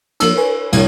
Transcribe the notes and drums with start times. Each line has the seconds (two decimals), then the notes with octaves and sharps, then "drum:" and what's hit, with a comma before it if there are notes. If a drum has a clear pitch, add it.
0.20 F3 A#3 D4 E6 F#7, drum: cymbal
0.37 B4 C#5 G#5
0.73 C2 C#5, drum: cymbal